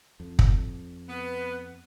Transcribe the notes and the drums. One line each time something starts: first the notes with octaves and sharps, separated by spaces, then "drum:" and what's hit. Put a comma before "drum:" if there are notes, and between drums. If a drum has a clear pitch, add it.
F2
drum: kick
B3